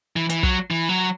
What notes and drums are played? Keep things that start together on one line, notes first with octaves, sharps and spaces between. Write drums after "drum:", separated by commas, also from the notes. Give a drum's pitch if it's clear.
E3
E3, drum: hi-hat
F#3, drum: kick
E3
F#3